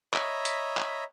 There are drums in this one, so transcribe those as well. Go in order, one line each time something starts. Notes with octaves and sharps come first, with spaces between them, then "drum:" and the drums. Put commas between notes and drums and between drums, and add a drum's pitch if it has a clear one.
C#5 D#5 E5 A#5 B5, drum: clap
drum: hi-hat
drum: clap